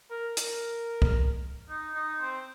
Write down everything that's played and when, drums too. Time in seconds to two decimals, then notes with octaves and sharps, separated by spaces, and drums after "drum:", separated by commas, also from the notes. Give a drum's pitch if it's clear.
0.10 A#4
0.37 A#4, drum: hi-hat
1.02 drum: kick C2
1.69 D#4
1.95 D#4
2.21 C4